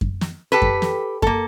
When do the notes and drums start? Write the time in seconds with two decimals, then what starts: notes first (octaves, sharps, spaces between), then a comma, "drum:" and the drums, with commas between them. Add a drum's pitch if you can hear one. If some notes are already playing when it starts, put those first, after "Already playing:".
0.01 drum: kick F#2
0.21 drum: snare
0.52 G4 A4 B4
0.62 drum: kick F#2
0.82 drum: snare
1.22 A#3 A4, drum: kick F#2